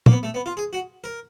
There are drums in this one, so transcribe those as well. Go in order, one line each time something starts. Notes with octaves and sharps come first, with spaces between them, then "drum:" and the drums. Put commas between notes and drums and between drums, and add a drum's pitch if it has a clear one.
A#3, drum: tom A#2
B3
A3
B3
F4
G#4
F#4
A#4